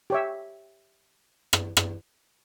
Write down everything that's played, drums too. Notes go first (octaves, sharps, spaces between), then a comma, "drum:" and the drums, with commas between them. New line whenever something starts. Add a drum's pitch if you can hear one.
G4 C#5 E5
drum: rim click
drum: rim click